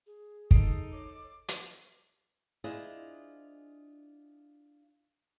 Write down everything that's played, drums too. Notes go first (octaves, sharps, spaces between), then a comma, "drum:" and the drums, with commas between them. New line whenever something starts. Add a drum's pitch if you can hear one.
G#4
D#4 A4 D#6 C7 D7, drum: kick
C#5 D6
drum: hi-hat
D4 E4 F4 G#4 C5 D#5